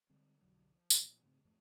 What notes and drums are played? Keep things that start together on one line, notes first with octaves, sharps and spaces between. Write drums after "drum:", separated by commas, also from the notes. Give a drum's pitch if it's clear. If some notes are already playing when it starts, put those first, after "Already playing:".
D3 G3 G#3 C4
B1 F2 D3 F#3
F3
drum: tambourine
A#2 F3 B3
G#2 C#3 A3 C4
F2 G#2 F3 A3